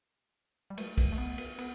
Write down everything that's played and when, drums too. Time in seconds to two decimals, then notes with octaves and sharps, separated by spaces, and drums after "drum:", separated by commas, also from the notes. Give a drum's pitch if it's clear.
0.70 G3
0.78 A3, drum: cymbal
0.98 drum: kick, cymbal
1.12 A3
1.18 B3
1.38 drum: cymbal
1.59 B3, drum: cymbal